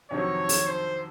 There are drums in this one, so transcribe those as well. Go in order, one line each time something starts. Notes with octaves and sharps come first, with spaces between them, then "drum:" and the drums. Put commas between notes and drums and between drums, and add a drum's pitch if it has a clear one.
F2 C3 D#3 F#3 C#5
drum: open hi-hat
C5